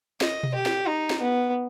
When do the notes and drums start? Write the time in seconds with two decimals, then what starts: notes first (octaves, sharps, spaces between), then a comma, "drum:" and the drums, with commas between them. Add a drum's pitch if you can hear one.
0.21 D#5, drum: snare
0.43 drum: tom B2
0.54 G4
0.66 drum: snare
0.88 D#4
1.10 drum: snare
1.21 B3